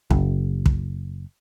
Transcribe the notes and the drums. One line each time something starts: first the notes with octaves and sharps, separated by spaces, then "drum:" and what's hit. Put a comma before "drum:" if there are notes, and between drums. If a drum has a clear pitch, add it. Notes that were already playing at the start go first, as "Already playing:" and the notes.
F#1, drum: kick
drum: kick